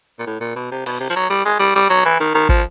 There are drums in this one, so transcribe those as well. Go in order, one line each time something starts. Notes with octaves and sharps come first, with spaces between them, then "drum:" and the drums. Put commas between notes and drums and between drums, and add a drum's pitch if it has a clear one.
A#2
A2
A#2
B2
C3
B2, drum: open hi-hat
C3
F3
F#3
G3
G#3
G3
G3
F#3
E3
D#3
D#3
F3, drum: kick